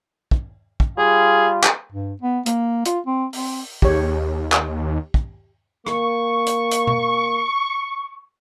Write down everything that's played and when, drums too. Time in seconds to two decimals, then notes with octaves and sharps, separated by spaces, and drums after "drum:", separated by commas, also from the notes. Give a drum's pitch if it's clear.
0.31 drum: kick
0.80 drum: kick
0.98 G3 F4 G#4
1.64 drum: clap
1.92 G2
2.22 B3
2.46 A#3, drum: hi-hat
2.85 F4, drum: hi-hat
3.06 C4
3.33 C4, drum: open hi-hat
3.82 D#2 G4 G#4 C#5, drum: kick
4.52 drum: clap
5.14 drum: kick
5.87 A#3 C#6, drum: rim click
6.47 drum: hi-hat
6.71 drum: hi-hat
6.87 drum: tom B2